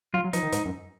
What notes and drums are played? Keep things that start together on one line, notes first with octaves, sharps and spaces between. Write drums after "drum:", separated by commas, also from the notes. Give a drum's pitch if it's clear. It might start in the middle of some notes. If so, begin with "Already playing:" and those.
F#3 F4
F#3
F3 D#4, drum: hi-hat
D#3
G#2, drum: hi-hat
F#2